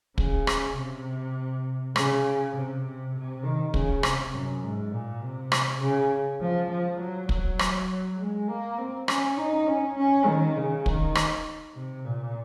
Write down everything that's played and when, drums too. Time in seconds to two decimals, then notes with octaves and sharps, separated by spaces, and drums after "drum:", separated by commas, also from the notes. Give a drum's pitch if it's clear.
0.18 C#3, drum: kick
0.47 drum: rim click
0.77 C3
1.96 C#3, drum: rim click
2.55 C3
2.84 C3
3.15 C3
3.44 D#3
3.74 C#3, drum: kick
4.03 C3, drum: rim click
4.33 F#2
4.63 G#2
4.92 A#2
5.22 C3
5.52 drum: rim click
5.81 C#3
6.41 F3
6.70 F3
6.99 F#3
7.29 F#3, drum: kick
7.59 drum: rim click
8.19 G#3
8.48 A#3
8.78 C4
9.08 C#4, drum: rim click
9.37 D#4
9.67 C#4
9.97 C#4
10.26 D#3
10.56 C#3
10.86 D#3, drum: kick
11.15 drum: rim click
11.75 C3
12.05 A#2